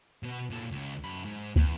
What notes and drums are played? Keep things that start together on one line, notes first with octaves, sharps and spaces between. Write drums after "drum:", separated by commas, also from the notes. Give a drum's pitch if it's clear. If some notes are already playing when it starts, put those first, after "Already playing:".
B2 B3
A#2 A4
C#2
F#2 B5
G#2
E2, drum: kick